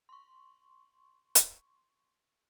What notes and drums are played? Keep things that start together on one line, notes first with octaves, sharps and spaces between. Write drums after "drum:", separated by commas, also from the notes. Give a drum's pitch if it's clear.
C6 C#6
drum: hi-hat